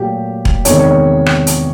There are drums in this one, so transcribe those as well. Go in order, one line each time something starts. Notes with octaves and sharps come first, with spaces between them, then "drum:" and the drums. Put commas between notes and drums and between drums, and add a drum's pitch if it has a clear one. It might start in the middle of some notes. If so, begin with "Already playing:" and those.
Already playing: A#2 F#3 A3 G4
drum: kick E1
E2 C3 D#3 G#3 C#5, drum: hi-hat
C#5
drum: rim click
drum: hi-hat